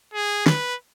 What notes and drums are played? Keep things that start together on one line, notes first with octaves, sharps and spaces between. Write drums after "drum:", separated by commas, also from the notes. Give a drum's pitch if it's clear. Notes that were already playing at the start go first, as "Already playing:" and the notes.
G#4
B4, drum: snare